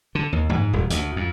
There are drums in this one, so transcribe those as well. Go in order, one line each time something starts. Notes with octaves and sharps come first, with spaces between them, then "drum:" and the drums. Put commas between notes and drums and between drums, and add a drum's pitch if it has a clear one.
D3
D#2
G#2, drum: tom F#2
D#1
D2, drum: hi-hat
F2